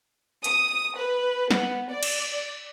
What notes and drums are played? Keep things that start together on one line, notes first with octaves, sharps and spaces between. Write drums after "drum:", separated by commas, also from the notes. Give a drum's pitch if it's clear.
D#6, drum: hi-hat
B4
B3, drum: snare
D5
drum: cymbal